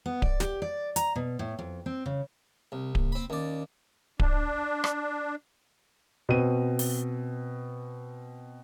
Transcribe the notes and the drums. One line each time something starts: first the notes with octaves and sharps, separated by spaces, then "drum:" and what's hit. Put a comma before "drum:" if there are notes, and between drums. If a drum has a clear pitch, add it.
B3
D5, drum: kick D1
G4, drum: snare
D5
A#5, drum: hi-hat
B2
A2
F2
C4
C#3
C2 C4
A#3, drum: kick D1
C4 B5
D#2 C#4 D5
D4, drum: kick D1
drum: rim click
B2 C4 D#7
drum: open hi-hat